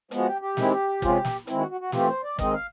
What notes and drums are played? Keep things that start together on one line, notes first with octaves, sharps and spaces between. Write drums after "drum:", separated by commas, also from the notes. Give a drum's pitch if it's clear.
F3 G#3 B3, drum: hi-hat
F#4
G4
G4
D#3 G#3 C4 E4, drum: snare
C3 F3 G#3 C#4 F4, drum: kick, hi-hat
drum: snare
D#3 G#3 C4 E4, drum: hi-hat
F#4
F#4
F#4
E3 A3 C4 F4 G4, drum: snare
C5
D5
D#3 G#3 C4 D#4 D#5, drum: kick, hi-hat
F5